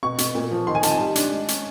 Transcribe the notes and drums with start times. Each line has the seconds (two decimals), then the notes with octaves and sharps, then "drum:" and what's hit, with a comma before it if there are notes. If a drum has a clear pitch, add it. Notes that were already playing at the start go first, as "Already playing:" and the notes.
0.03 B2 C#6
0.18 B2, drum: hi-hat
0.35 A#2
0.51 F3
0.67 D#3 C6
0.75 G#5
0.83 D#3 A5, drum: hi-hat
0.92 G#5
0.99 G3
1.15 D4, drum: hi-hat
1.31 G#3
1.48 C#4, drum: hi-hat